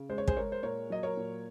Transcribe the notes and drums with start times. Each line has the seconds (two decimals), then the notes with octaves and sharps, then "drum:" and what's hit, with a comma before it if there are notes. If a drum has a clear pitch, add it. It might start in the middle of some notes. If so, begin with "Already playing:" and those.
Already playing: C#3
0.09 G#3 C5
0.18 C#5
0.28 G#4 C5, drum: kick
0.36 G#3 A#4 C#5
0.52 C5
0.63 A#2 A#4 C#5
0.90 F#3 D#5
1.03 A#4 C#5
1.17 A#2